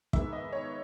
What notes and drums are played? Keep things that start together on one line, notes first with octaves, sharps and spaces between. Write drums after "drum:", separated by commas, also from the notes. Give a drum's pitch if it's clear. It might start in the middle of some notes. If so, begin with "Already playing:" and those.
G#2 D#3 G#3 B3 E5, drum: kick
D#5
C#5